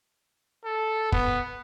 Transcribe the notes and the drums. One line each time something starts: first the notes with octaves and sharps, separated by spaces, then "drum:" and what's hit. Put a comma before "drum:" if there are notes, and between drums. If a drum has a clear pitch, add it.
A4
B3, drum: kick